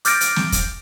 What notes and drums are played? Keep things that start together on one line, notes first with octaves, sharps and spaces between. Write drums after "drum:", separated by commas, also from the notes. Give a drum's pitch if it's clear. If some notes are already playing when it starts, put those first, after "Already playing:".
D6 F6 G6 A6 A#6 D7, drum: hi-hat
drum: hi-hat
drum: snare
drum: kick, hi-hat